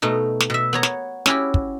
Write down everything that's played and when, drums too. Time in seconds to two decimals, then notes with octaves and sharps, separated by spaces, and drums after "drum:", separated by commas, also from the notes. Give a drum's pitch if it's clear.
0.02 B2 A3 D#4
0.40 drum: snare
0.50 B2 E5
0.73 B3 C#5 A#5
0.83 drum: snare
1.26 C#4 E4 F#4 G4, drum: snare
1.54 drum: kick